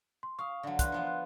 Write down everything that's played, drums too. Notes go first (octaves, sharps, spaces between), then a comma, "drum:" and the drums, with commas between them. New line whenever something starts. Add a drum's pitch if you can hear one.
C6
F5 C#6 D#6
D3 F#3
E3 A#3 C6 F#6, drum: kick, hi-hat
F3 B3 C5
F#6